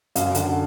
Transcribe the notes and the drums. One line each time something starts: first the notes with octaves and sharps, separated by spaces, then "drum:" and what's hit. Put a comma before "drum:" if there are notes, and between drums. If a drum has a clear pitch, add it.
F#2 F5, drum: hi-hat
D3 F#5, drum: hi-hat